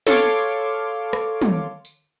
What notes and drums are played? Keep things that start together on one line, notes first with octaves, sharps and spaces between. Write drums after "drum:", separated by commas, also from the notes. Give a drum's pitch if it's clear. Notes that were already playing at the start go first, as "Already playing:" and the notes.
A4 C#5 F5 C6 D6, drum: snare
drum: rim click
drum: tom
drum: tambourine